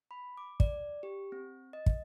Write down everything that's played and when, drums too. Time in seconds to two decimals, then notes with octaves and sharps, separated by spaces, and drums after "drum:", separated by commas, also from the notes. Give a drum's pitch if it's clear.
0.11 B5
0.37 D6
0.60 D5, drum: kick
1.03 G4
1.32 C4
1.73 D#5
1.86 drum: kick